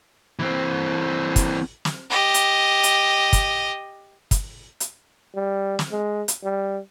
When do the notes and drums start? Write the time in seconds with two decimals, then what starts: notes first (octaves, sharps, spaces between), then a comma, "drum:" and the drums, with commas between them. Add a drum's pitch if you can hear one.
0.39 E3 C4
1.36 drum: kick, hi-hat
1.85 drum: snare
2.10 G4 D#5
2.34 drum: hi-hat
2.83 drum: hi-hat
3.33 drum: kick, hi-hat
4.31 drum: kick, hi-hat
4.80 drum: hi-hat
5.35 G3
5.79 drum: snare
5.92 G#3
6.28 drum: hi-hat
6.44 G3